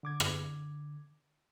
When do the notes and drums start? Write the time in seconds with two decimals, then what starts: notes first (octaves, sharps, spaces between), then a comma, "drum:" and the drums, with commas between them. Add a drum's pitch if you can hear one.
0.03 D3 D6 G#6
0.20 drum: rim click